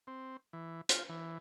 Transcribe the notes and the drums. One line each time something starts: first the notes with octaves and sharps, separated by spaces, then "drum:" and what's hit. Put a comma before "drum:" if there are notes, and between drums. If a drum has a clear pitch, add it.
C4
E3
F4, drum: hi-hat
E3